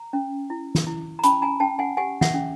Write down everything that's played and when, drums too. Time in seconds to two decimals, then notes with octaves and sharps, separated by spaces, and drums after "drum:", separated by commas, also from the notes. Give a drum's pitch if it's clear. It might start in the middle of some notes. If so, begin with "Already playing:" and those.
Already playing: A#5
0.13 C#4
0.50 E4
0.75 drum: snare
0.87 E4
1.19 A#5
1.24 C#4 A5 B5, drum: hi-hat
1.42 G#5 A#5
1.60 C#4 G5 A5
1.79 F#5 G#5
1.97 G4 F#5 G#5
2.21 E5 F#5, drum: snare
2.34 C#4